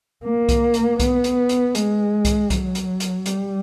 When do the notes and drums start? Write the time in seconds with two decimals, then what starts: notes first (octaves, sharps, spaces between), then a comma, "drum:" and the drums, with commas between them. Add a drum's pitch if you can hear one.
0.24 A#3
0.49 drum: kick C2, hi-hat
0.74 drum: hi-hat
1.00 B3, drum: kick C2, hi-hat
1.24 drum: hi-hat
1.49 drum: hi-hat
1.75 G#3, drum: hi-hat
2.25 drum: kick C2, hi-hat
2.50 F#3, drum: kick C2, hi-hat
2.75 drum: hi-hat
3.00 drum: hi-hat
3.26 G3, drum: hi-hat